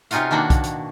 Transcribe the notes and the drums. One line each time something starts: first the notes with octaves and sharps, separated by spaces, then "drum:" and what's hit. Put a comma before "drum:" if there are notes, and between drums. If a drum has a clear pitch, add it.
C3 C#4 D#4 F4 F#4 F5, drum: hi-hat
B2 D#3 A#3 D4 F#4
drum: kick B1, hi-hat
drum: hi-hat